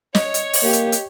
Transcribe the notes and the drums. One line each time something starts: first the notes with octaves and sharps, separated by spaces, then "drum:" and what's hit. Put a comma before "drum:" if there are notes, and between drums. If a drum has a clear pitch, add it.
C#5 D#5, drum: snare
drum: hi-hat
drum: open hi-hat
A#3 G4
drum: hi-hat
drum: hi-hat